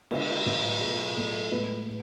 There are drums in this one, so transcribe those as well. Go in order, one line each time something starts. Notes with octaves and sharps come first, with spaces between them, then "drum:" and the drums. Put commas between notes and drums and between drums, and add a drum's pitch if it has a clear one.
D3 G#3, drum: cymbal
A2 F#3 A3, drum: tom
B2 F#3 A3 G#4
A2 F#3 A3 A4
A2 G#3 B4
A2